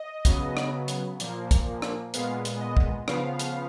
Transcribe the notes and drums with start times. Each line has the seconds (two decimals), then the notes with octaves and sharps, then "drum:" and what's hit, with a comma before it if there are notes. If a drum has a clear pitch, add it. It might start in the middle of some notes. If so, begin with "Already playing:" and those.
Already playing: D#5
0.25 C#3 F#3 B3, drum: kick, hi-hat
0.57 drum: rim click
0.88 drum: hi-hat
1.20 A#2 F3 A#3, drum: hi-hat
1.51 drum: kick, hi-hat
1.82 drum: rim click
2.14 A#2 G#3 B3 F5, drum: hi-hat
2.45 drum: hi-hat
2.61 D#5
2.77 drum: kick
3.08 C#3 F3 B3 F5, drum: rim click
3.39 drum: hi-hat